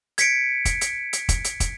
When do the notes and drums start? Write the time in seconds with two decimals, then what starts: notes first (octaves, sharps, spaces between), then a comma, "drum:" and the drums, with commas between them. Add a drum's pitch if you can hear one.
0.18 G#6 B6 C#7 D7, drum: hi-hat
0.65 drum: kick, hi-hat
0.81 drum: hi-hat
1.13 drum: hi-hat
1.29 drum: kick, hi-hat
1.44 drum: hi-hat
1.60 drum: kick, hi-hat